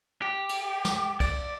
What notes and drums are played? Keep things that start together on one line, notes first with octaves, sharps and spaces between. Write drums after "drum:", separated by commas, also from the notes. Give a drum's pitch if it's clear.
G4
drum: cymbal
drum: snare
D5, drum: kick, cymbal